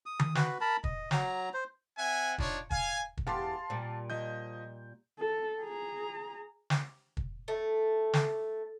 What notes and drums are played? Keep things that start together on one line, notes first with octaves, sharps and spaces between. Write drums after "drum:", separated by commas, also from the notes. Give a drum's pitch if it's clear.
D#6
drum: tom D#3
F#4 B4, drum: snare
A#4 A5 B5
D#5, drum: kick
F#3 A#5, drum: snare
C5
C4 E5 F#5 G#5
D4 D#4 F4 C#5, drum: kick
F5 G#5, drum: kick
drum: kick
E2 G4 F5 A5 C6
A#2 G3
F3 D#5 G6
A4
G#4 A#5
drum: snare
drum: kick
A3
drum: snare